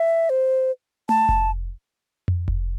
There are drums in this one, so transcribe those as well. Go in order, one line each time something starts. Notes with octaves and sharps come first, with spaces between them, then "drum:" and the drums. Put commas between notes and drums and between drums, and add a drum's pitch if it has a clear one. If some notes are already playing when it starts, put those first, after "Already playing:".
Already playing: E5
C5
A5, drum: tom A3
drum: kick F1
drum: tom F2
drum: kick F1